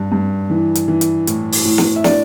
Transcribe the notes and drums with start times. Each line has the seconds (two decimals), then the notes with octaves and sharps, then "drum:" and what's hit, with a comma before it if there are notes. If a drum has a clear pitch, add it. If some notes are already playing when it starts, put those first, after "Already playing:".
Already playing: G2
0.12 G2
0.50 E3
0.75 drum: hi-hat
0.88 E3
1.01 drum: hi-hat
1.27 A2, drum: hi-hat
1.52 drum: open hi-hat
1.65 A2
1.78 drum: snare
1.96 E5
2.04 D4 D5, drum: snare